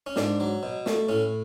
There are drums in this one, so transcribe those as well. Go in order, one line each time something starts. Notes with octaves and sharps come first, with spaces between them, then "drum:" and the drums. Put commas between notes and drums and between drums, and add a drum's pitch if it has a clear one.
C#4
G#2 D4, drum: snare
F#3
B2
A3, drum: snare
A2 C#4